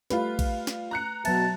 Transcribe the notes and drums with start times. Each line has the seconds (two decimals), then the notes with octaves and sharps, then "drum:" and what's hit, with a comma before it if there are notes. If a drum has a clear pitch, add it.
0.10 G3 A3 F4 B4, drum: snare
0.39 drum: kick A#1, cymbal
0.67 drum: snare
0.91 A#5 F#6 C#7
1.25 B2 F#3 E5 A5, drum: cymbal